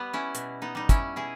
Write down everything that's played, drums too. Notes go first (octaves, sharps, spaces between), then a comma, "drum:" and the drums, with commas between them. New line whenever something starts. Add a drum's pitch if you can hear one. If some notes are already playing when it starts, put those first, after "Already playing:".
Already playing: G3 B3 B4
C#4 E4
B2, drum: hi-hat
B3 D#4
G3 D#4
C#4 E4, drum: kick, hi-hat
B2 E4 G#4